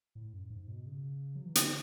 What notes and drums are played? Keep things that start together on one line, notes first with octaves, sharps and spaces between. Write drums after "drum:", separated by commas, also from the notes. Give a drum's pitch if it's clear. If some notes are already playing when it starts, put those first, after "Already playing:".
A2
F#2
G#2
B2
C#3
F#3
E3
D3, drum: hi-hat